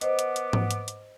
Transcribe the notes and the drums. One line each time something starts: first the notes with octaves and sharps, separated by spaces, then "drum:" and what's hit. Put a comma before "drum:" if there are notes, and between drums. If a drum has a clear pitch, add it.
B3 C5 D#5 F#5 D6, drum: hi-hat
drum: hi-hat
drum: hi-hat
drum: tom G#2
drum: hi-hat
drum: hi-hat